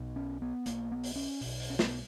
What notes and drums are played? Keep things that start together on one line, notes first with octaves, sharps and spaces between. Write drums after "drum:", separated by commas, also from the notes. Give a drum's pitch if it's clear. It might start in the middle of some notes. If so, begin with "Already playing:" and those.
Already playing: B1 B2
C#4
B3
B1 B2 A#3, drum: hi-hat
B3
drum: open hi-hat
C#4
B1 B2, drum: open hi-hat
drum: open hi-hat
C#4
B3, drum: snare